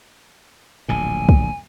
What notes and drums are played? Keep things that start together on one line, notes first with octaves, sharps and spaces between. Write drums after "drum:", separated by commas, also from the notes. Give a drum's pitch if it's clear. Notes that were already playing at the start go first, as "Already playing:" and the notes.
D1 A#1 A#2 G#5
drum: kick